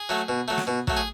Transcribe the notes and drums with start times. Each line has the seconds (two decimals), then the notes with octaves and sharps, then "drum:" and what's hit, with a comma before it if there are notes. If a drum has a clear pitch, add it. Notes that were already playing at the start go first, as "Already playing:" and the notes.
Already playing: G#4
0.09 F#3 A3
0.29 B2
0.48 F#3 A3
0.58 drum: snare
0.67 B2
0.87 F#3 A3, drum: kick
0.97 G#4